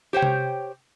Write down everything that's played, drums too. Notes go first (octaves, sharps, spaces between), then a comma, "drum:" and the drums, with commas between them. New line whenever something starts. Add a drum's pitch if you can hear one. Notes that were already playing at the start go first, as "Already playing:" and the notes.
G4 C5 C#5 G5
drum: tom C3